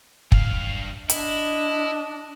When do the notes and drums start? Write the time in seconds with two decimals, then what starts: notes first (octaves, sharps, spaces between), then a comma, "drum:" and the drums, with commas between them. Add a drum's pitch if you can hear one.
0.32 G2 F5, drum: kick
1.10 D4 E4 D#5, drum: hi-hat